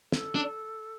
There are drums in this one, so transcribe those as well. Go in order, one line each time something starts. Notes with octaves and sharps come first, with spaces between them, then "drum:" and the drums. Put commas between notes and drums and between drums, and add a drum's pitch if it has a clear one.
A4, drum: snare
D4